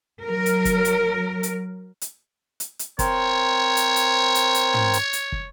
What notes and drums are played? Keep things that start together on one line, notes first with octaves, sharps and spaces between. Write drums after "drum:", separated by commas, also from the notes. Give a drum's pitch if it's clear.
F#3 A#4
drum: hi-hat
drum: kick, hi-hat
drum: hi-hat
drum: hi-hat
drum: hi-hat
drum: hi-hat
drum: hi-hat
C4 A#4 C5 C#5, drum: kick, hi-hat
drum: hi-hat
drum: hi-hat
drum: hi-hat
drum: hi-hat
drum: tom
drum: hi-hat
drum: hi-hat
drum: kick